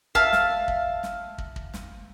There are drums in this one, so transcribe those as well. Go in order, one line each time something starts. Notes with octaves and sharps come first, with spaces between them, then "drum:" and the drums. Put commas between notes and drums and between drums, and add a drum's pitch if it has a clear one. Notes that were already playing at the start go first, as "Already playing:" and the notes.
E5 F5 A5, drum: kick
drum: snare
drum: kick
drum: snare
drum: kick
drum: kick
drum: snare